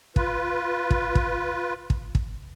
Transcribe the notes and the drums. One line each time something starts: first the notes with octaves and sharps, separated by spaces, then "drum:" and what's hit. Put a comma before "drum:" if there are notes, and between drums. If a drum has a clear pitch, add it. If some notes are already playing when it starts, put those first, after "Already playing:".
F4 B4, drum: kick
drum: kick
drum: kick
drum: kick
drum: kick